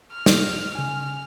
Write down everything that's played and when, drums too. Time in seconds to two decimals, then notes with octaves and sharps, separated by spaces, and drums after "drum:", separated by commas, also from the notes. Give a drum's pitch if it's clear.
0.12 F6
0.26 drum: snare
0.75 C#3 G#5 F6